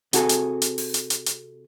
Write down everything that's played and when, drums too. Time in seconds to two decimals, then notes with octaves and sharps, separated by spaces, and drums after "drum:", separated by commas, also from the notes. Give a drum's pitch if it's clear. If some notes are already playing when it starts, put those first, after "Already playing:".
0.13 C3 F#4 G#4 A4, drum: hi-hat
0.29 drum: hi-hat
0.62 drum: hi-hat
0.78 drum: open hi-hat
0.94 drum: hi-hat
1.10 drum: hi-hat
1.26 drum: hi-hat